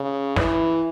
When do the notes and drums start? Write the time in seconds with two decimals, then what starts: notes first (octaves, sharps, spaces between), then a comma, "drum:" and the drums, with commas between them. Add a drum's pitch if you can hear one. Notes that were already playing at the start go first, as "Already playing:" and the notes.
Already playing: C#3
0.36 E3, drum: snare